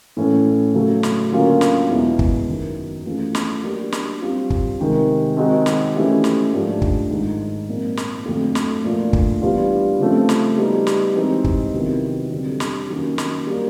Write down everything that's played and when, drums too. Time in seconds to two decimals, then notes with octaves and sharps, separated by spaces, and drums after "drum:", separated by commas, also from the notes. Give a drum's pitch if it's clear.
0.17 A2 E3 A3 C#4
0.74 C#3 F#3 A3
1.03 drum: snare
1.32 D3 F#3 A#3 C#4 F4
1.61 drum: snare
1.89 E2 B2 G#3 B3 E4
2.19 drum: kick
2.47 F#2 D#3 F#3
3.05 E3 A3 C#4 F4 G#4
3.35 drum: snare
3.63 F#3 A#3 D4 G4
3.92 drum: snare
4.21 G3 C4 F4
4.50 drum: kick
4.80 C3 D#3 G#3 C4
5.37 D#3 G#3 C4 D#4 F#4
5.66 drum: snare
5.95 E3 A3 C#4 E4 G4
6.24 drum: snare
6.53 G#2 F3 A3 D4 G4
6.82 drum: kick
7.11 G#2 D#3 G#3
7.69 A#2 F3 G#3 C4
7.97 drum: snare
8.26 F2 D3 F#3 A3 C4
8.55 drum: snare
8.84 A#2 F3 A3 D4 F4
9.13 drum: kick
9.42 E3 G3 B3 D4 F4
10.00 C#3 F3 A3 C4
10.29 drum: snare
10.58 G3 B3 D#4 F#4
10.87 drum: snare
11.15 E3 G#3 C4 D#4 G4
11.44 drum: kick
11.73 C3 D#3 F#3 B3 E4
12.31 F2 D3 G3 C4
12.60 drum: snare
12.89 D#3 F#3 A#3 C#4
13.18 drum: snare
13.47 G3 A#3 D4